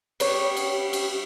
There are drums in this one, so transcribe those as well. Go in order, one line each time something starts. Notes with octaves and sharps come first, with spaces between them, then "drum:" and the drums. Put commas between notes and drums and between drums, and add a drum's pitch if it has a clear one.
G3 B3 G4 C#5, drum: cymbal
drum: cymbal
drum: cymbal